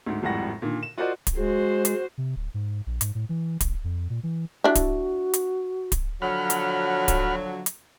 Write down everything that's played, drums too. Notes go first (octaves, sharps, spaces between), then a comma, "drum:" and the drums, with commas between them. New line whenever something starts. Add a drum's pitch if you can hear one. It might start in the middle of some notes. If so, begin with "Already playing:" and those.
D2 G#2
G#1 F2 A2 G3 F#5 A#6
A#2 D3 D#3
E7
F4 F#4 A#4 C5 D5 D#5
drum: kick D1, hi-hat
G#3 F#4 C5
drum: hi-hat
C3
D1
G#2
A#1
G#2, drum: hi-hat
A2
E3
G#1, drum: kick D1, hi-hat
F2
A#2
E3
D4 E4 F#4
drum: kick D1, hi-hat
drum: hi-hat
drum: kick D1, hi-hat
D3 F3 F#3 F#5 B5 F6
drum: hi-hat
drum: kick D1, hi-hat
drum: hi-hat